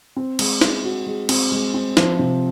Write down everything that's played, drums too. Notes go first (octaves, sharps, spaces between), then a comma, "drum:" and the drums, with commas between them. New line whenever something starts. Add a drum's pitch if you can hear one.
C4
G#3, drum: cymbal
G#3, drum: snare
F#4
G#3
C4, drum: cymbal
G#3
C4
F3, drum: snare
C3